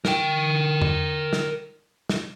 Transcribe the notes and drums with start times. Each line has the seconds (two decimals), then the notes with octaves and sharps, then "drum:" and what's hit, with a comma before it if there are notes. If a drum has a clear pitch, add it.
0.05 A#4 G5, drum: snare
0.81 drum: tom E2
1.33 drum: snare
2.09 drum: snare